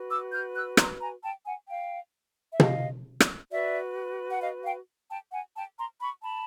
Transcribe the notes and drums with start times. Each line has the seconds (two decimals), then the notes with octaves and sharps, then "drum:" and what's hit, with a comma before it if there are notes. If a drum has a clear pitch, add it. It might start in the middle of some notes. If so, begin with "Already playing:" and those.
Already playing: F#4 B4
0.10 D6 E6
0.32 F6 G6
0.55 E6 F#6
0.77 A#5 C6, drum: rim click
1.00 G#5 A#5
1.23 G5 A5
1.46 F#5 G#5
1.68 F5 G5
2.52 E5
2.60 D#5 F5, drum: tom
3.20 drum: rim click
3.51 F#4 B4 D5 E5
4.30 F#5
4.42 D#5 F5
4.64 F5 G5
5.09 G5 A5
5.32 F#5 G#5
5.56 G5 A5
5.78 A#5 C6
6.01 B5 C#6
6.23 A5 B5